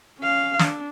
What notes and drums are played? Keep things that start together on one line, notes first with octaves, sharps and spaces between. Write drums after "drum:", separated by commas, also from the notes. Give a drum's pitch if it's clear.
C#4 F5
D4, drum: snare